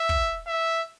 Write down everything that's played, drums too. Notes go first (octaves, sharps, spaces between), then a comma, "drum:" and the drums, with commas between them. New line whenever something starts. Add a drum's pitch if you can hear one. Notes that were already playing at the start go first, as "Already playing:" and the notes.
Already playing: E5
drum: kick
E5